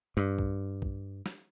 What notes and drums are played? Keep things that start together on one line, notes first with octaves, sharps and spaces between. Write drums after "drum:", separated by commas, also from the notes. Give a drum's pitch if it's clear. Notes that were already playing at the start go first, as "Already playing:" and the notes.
G2
drum: kick
drum: kick
drum: snare